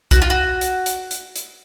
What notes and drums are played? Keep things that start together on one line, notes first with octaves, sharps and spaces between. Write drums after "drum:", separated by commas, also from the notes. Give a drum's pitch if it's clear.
F#4, drum: kick B1, hi-hat
F4
F#4
drum: hi-hat
drum: hi-hat
drum: hi-hat
drum: hi-hat